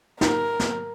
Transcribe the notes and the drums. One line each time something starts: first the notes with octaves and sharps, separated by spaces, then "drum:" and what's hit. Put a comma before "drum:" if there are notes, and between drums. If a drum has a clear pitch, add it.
D#4 A#4, drum: snare
drum: snare